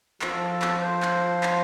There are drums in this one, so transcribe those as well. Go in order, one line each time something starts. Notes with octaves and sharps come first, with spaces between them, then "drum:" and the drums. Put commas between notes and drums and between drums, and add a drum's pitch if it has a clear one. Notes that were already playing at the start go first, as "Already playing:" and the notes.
F3 A4, drum: clap
A4
drum: clap
C5
drum: clap
drum: clap